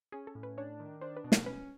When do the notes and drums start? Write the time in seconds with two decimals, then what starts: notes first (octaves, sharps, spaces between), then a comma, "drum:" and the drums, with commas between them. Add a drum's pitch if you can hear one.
0.12 C#4 G#4
0.27 A4
0.35 A2
0.43 B4
0.57 D4 C#5
0.80 D#3
1.01 D4 C5
1.17 B4
1.24 B2
1.32 A#4, drum: snare
1.46 C#4 B4